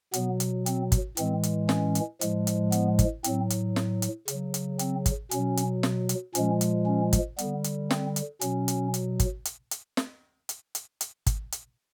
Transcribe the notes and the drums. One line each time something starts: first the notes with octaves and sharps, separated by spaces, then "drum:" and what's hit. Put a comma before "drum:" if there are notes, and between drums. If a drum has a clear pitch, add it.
B2 F#3 B3, drum: hi-hat
drum: hi-hat
C4, drum: hi-hat
drum: kick, hi-hat
A2 E3 G#3 C4, drum: hi-hat
drum: hi-hat
C#4, drum: snare
drum: hi-hat
A2 F3 G#3, drum: hi-hat
drum: hi-hat
B3, drum: hi-hat
drum: kick, hi-hat
A2 F#3 C4, drum: hi-hat
drum: hi-hat
drum: snare
drum: hi-hat
C#3 F#3, drum: hi-hat
drum: hi-hat
C4, drum: hi-hat
drum: kick, hi-hat
B2 F#3 C#4, drum: hi-hat
drum: hi-hat
drum: snare
drum: hi-hat
A#2 F3 G#3 C#4, drum: hi-hat
drum: hi-hat
C#4
drum: kick, hi-hat
D3 G3 B3, drum: hi-hat
drum: hi-hat
C4, drum: snare
drum: hi-hat
B2 F#3 C#4, drum: hi-hat
drum: hi-hat
drum: hi-hat
drum: kick, hi-hat
drum: hi-hat
drum: hi-hat
drum: snare
drum: hi-hat
drum: hi-hat
drum: hi-hat
drum: kick, hi-hat
drum: hi-hat